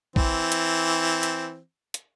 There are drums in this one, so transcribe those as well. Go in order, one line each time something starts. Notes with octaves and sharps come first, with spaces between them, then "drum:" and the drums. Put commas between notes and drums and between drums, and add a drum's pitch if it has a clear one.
E3 C4, drum: kick
drum: hi-hat
drum: hi-hat
drum: hi-hat